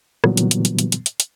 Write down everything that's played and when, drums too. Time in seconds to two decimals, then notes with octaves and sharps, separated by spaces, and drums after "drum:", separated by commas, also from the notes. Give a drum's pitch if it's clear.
0.24 A#2 D3 E3 F#3 G3 B3, drum: rim click
0.37 drum: hi-hat
0.51 drum: hi-hat
0.65 drum: hi-hat
0.79 drum: hi-hat
0.92 drum: hi-hat
1.06 drum: hi-hat
1.20 drum: hi-hat